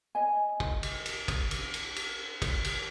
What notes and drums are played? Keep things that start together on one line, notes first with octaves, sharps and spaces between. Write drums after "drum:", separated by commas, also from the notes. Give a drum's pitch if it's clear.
D#5 G#5
drum: kick
drum: cymbal
drum: cymbal
drum: kick, cymbal
drum: cymbal
drum: cymbal
drum: cymbal
drum: kick, cymbal
drum: cymbal